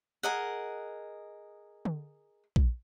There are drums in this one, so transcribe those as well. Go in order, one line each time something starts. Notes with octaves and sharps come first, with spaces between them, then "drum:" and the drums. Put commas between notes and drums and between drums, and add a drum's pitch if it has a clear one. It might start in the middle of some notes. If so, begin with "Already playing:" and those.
G#4 A#4 D#5 F#5
drum: tom D3
drum: kick A#1